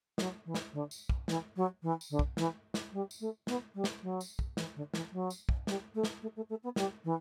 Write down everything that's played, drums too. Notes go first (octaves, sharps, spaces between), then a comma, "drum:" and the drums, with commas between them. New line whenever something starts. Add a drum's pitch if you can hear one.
F#3, drum: snare
E3
drum: snare
D3
drum: tambourine
drum: kick
E3, drum: snare
F#3
E3
drum: tambourine
D3
drum: kick
E3, drum: snare
drum: snare
G3
drum: tambourine
A3
B3, drum: snare
G3
drum: snare
F#3
drum: tambourine
drum: kick
E3, drum: snare
D3
E3, drum: snare
F#3
drum: tambourine
drum: kick
G3, drum: snare
A3
drum: snare
A3
A3
A3
B3
G3, drum: snare
E3